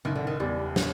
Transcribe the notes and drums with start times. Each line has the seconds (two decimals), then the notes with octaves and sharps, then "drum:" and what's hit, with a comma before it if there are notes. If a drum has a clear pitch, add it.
0.05 F#1 D#3
0.16 D3
0.27 D#3
0.40 E2 G3
0.76 F#3, drum: snare